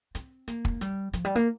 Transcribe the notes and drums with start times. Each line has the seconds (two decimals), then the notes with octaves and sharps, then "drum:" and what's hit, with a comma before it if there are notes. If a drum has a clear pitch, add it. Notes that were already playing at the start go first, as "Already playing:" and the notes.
0.15 C4, drum: hi-hat
0.48 A#3, drum: hi-hat
0.65 drum: kick
0.81 G3, drum: hi-hat
1.13 F3, drum: hi-hat
1.25 G3
1.35 A#3